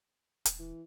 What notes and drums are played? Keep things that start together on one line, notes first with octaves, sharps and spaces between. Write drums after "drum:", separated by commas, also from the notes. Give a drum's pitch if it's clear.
D#1, drum: hi-hat
E3